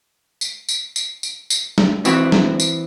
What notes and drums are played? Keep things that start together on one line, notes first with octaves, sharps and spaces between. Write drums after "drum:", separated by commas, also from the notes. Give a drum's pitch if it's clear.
drum: tambourine
drum: tambourine
drum: tambourine
drum: tambourine
drum: tambourine
drum: snare
E3 C4 F#4, drum: tambourine
drum: snare
drum: tambourine